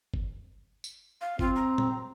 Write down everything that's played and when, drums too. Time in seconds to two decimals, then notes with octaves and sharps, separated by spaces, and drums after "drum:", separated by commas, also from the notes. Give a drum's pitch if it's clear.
0.14 drum: kick
0.84 drum: tambourine
1.21 F5
1.39 C4 F4, drum: kick
1.56 A#5
1.78 drum: tom A#2